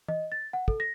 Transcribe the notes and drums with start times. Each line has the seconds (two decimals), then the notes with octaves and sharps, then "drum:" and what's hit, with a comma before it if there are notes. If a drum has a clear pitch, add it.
0.08 D#5, drum: tom E3
0.32 A6
0.53 F#5
0.68 A4, drum: kick
0.80 A#6